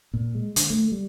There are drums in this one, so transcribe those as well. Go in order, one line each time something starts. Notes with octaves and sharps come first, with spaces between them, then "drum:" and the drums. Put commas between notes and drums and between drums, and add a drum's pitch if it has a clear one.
A#2
G#3
D3, drum: hi-hat
A3
G3